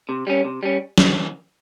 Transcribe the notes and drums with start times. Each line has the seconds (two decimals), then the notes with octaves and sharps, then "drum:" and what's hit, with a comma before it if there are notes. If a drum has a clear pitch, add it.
0.09 C3
0.27 G3 C#4
0.45 C3
0.63 G3 C#4
0.98 drum: snare